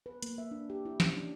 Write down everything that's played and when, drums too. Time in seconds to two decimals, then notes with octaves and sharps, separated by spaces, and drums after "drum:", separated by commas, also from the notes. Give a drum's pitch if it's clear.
0.06 B4
0.22 A#3, drum: hi-hat
0.38 E5
0.51 D4
0.70 G4
0.85 E4
1.00 C#4, drum: snare
1.15 D4